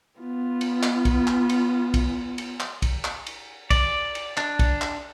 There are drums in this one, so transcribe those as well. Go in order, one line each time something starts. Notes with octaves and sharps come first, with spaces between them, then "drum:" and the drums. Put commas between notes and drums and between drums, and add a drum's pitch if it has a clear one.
B3 F4
drum: cymbal
drum: clap
drum: kick, cymbal
drum: clap
drum: cymbal
drum: kick, cymbal
drum: cymbal
drum: clap
drum: kick, cymbal
drum: clap
drum: cymbal
D5, drum: kick, cymbal
drum: cymbal
D4, drum: clap
drum: kick, cymbal
drum: clap